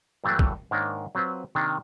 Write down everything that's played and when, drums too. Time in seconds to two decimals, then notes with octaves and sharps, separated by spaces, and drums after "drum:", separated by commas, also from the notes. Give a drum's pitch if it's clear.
0.24 G2 E3 F#3 A3 A#3 D4
0.39 drum: kick
0.71 G#2 D#3 A#3 D4 A#4 C#5
1.15 F#3 C4 F4 B4 C5
1.55 C3 D#3 A#3 D4